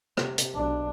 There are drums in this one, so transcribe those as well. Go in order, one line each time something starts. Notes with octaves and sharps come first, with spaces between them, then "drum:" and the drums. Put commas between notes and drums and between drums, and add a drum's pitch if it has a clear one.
C3, drum: rim click
drum: hi-hat
B1 D4